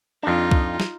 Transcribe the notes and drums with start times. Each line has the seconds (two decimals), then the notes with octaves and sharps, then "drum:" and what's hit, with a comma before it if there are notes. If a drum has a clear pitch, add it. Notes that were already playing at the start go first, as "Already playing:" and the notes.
0.23 F2 D4 D#4 F4
0.51 drum: kick C2
0.80 drum: snare